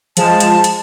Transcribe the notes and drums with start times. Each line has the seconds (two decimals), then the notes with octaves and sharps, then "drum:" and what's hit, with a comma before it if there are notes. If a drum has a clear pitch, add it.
0.17 F3 G#3 A5, drum: hi-hat
0.40 drum: hi-hat
0.64 drum: hi-hat